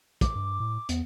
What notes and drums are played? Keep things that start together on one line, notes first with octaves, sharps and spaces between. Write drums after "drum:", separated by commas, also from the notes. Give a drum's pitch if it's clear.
D6, drum: kick, hi-hat
G2
A2
E2 B3, drum: hi-hat